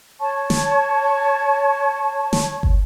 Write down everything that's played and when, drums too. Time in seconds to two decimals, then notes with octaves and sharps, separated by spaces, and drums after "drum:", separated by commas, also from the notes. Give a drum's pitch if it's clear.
0.19 C#5 A5 C#6
0.50 drum: snare
2.33 drum: snare
2.63 drum: kick